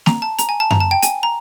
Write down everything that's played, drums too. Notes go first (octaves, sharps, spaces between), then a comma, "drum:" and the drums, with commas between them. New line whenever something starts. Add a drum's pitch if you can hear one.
A#5, drum: snare
A5
A#5, drum: hi-hat
G#5
A5
A#5, drum: tom F#2
A5
G5
G#5, drum: hi-hat
A#5